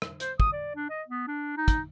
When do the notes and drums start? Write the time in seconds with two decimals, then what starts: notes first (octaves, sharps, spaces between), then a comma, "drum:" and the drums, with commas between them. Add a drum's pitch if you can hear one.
0.02 drum: rim click
0.20 C5, drum: hi-hat
0.40 D#6, drum: kick
0.53 D5
0.76 D4
0.90 D#5
1.08 B3
1.27 D4
1.57 D#4
1.68 drum: kick, hi-hat